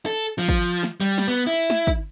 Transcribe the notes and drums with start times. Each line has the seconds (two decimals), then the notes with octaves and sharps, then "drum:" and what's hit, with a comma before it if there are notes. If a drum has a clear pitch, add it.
0.06 A4
0.38 F3
0.49 drum: kick, hi-hat
0.66 drum: hi-hat
0.83 drum: snare
1.01 G3, drum: hi-hat
1.18 drum: snare
1.28 B3
1.47 E4
1.70 drum: snare
1.87 drum: kick